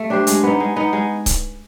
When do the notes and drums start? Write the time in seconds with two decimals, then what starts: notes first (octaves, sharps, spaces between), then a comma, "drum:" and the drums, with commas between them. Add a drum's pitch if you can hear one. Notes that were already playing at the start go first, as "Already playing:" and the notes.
Already playing: A3
0.10 D4 G4 C5
0.27 G#3, drum: hi-hat
0.43 B3 D#4
0.60 G#3
0.76 B3 D#4
0.93 G#3
1.26 drum: kick C#1, hi-hat